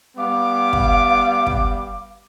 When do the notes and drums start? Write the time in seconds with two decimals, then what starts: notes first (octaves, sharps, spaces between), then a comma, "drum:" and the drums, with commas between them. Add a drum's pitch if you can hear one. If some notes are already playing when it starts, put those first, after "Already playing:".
0.18 G3 B3 F5 D6
0.73 drum: kick
1.46 drum: kick